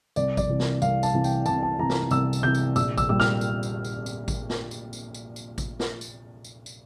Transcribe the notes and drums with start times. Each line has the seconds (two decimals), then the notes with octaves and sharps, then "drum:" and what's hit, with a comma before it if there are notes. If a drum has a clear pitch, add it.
0.16 C2 D5, drum: tambourine
0.37 D5, drum: kick A1, tambourine
0.49 C3 E3
0.60 drum: snare
0.82 C2 F5, drum: tambourine
1.03 A5, drum: tambourine
1.14 C3 E3
1.24 G5, drum: tambourine
1.46 C2 A5, drum: tambourine
1.63 A5
1.79 C3 E3 A#5
1.90 drum: snare
2.11 C2 E6, drum: tambourine
2.33 drum: tambourine
2.43 C3 E3 G6
2.55 drum: tambourine
2.76 A#1 E6, drum: tambourine
2.98 E6, drum: kick A1, tambourine
3.09 A#2 G3 E6
3.20 F6, drum: snare
3.41 drum: tambourine
3.63 drum: tambourine
3.85 drum: tambourine
4.06 drum: tambourine
4.28 drum: kick A1, tambourine
4.49 drum: snare
4.71 drum: tambourine
4.93 drum: tambourine
5.14 drum: tambourine
5.36 drum: tambourine
5.58 drum: kick A1, tambourine
5.79 drum: snare
6.01 drum: tambourine
6.44 drum: tambourine
6.66 drum: tambourine